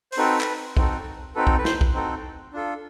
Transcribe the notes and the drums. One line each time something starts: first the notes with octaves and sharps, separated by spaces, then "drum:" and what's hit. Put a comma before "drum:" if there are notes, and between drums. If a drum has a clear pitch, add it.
C5, drum: open hi-hat
C4 D#4 F#4 A4 B4
drum: clap
C4 D#4 F#4 A4, drum: kick B1
C4 D#4 F#4 A4 B4
drum: kick B1
B4
C5, drum: snare
drum: kick B1
C4 D#4 F#4 A4
D4 F4 A4